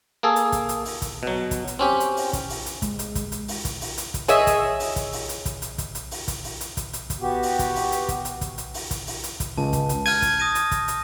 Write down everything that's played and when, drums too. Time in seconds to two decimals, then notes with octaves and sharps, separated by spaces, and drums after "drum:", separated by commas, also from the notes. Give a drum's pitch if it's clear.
0.23 A#3 G#4 A4
0.36 drum: hi-hat
0.52 drum: kick, hi-hat
0.69 drum: hi-hat
0.85 drum: open hi-hat
1.02 drum: kick, hi-hat
1.23 B2 F#3
1.51 drum: kick, hi-hat
1.67 drum: hi-hat
1.79 C4 C#4 G4
2.00 drum: hi-hat
2.17 drum: open hi-hat
2.33 drum: kick, hi-hat
2.50 drum: open hi-hat
2.66 drum: hi-hat
2.82 G#3, drum: kick, hi-hat
2.99 drum: hi-hat
3.15 drum: kick, hi-hat
3.32 drum: hi-hat
3.48 drum: open hi-hat
3.65 drum: kick, hi-hat
3.81 drum: open hi-hat
3.98 drum: hi-hat
4.14 drum: kick, hi-hat
4.28 G#4 C#5 D#5 E5, drum: hi-hat
4.47 drum: kick, hi-hat
4.80 drum: open hi-hat
4.96 drum: kick, hi-hat
5.13 drum: open hi-hat
5.29 drum: hi-hat
5.45 drum: kick, hi-hat
5.62 drum: hi-hat
5.78 drum: kick, hi-hat
5.95 drum: hi-hat
6.11 drum: open hi-hat
6.28 drum: kick, hi-hat
6.44 drum: open hi-hat
6.61 drum: hi-hat
6.77 drum: kick, hi-hat
6.93 drum: hi-hat
7.10 drum: kick, hi-hat
7.21 B3 F#4 G4
7.43 drum: open hi-hat
7.59 drum: kick, hi-hat
7.76 drum: open hi-hat
7.92 drum: hi-hat
8.08 drum: kick, hi-hat
8.25 drum: hi-hat
8.41 drum: kick, hi-hat
8.58 drum: hi-hat
8.74 drum: open hi-hat
8.91 drum: kick, hi-hat
9.07 drum: open hi-hat
9.23 drum: hi-hat
9.40 drum: kick, hi-hat
9.58 C#2 A5
9.73 drum: kick, hi-hat
9.89 drum: hi-hat
10.06 F6 G6 G#6 D#7, drum: open hi-hat
10.22 drum: kick, hi-hat
10.40 D#6 A#6 D#7
10.55 drum: hi-hat
10.71 drum: kick, hi-hat
10.88 drum: hi-hat